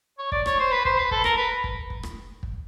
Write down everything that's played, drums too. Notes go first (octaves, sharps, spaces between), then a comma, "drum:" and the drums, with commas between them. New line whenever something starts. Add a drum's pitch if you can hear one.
C#5
D5, drum: kick
C#5, drum: rim click
C5
B4
C5, drum: kick
B4
A4, drum: kick
A#4, drum: rim click
B4
drum: kick
drum: kick
drum: rim click
drum: kick